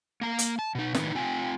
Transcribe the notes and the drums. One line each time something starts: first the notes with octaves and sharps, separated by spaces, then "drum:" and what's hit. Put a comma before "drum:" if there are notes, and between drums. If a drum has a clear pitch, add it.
A#3 A#5
drum: hi-hat
A5
B2 D#4
A2 D#3 D#4 B4, drum: snare
C4 F4 G5 G#5